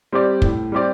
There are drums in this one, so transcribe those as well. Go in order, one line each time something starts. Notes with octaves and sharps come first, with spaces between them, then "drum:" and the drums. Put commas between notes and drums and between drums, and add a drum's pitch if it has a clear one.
G3 C4 G4 D5
A2, drum: kick
G3 C4 G4 D5